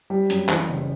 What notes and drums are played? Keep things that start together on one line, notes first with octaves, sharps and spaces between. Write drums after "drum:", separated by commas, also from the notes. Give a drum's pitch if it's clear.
G3
F#2, drum: hi-hat
E3, drum: clap
F#1